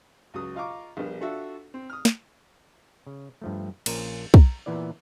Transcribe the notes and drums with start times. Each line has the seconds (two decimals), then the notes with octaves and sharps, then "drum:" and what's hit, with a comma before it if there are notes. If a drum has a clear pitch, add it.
0.34 C#2 F#3 D#6
0.55 F4 D#5 F5 A#5 C#6 D6
0.97 A#1 G3 B3 D4 A#4
1.21 D4 F4 F#4 A4 E5
1.74 C4
1.90 D#6 F6
2.05 drum: snare
3.07 C#3
3.42 G2 F3 A3
3.86 A#1 A#3 C#4 F4 A#4, drum: cymbal
4.34 A#5, drum: kick
4.66 A#2 E3 B3 E4 D5